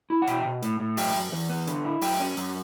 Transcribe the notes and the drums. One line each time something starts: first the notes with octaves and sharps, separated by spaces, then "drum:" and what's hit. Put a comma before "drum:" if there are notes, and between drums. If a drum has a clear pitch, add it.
E4
F#5
B2 E5 G5, drum: hi-hat
B2
A2, drum: hi-hat
A2
F#2 E5 G5, drum: open hi-hat
F#2
E2, drum: snare
B3
D3, drum: hi-hat
E4
F#2 E5 G5, drum: open hi-hat
C#4
F#2, drum: hi-hat